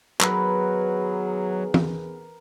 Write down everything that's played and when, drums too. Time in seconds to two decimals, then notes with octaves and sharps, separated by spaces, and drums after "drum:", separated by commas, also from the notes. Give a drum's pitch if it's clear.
0.21 D#3 F#3 B3 G#4 A#4 B4, drum: clap
1.74 drum: tom E3